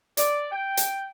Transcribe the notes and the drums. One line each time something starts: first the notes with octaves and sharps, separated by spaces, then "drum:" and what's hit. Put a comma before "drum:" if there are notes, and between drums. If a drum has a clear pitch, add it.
D5, drum: hi-hat
G5
drum: hi-hat